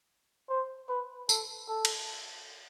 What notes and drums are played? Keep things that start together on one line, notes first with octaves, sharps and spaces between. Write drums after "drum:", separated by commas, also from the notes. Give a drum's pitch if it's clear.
C5
B4
A4, drum: tambourine
A4
drum: cymbal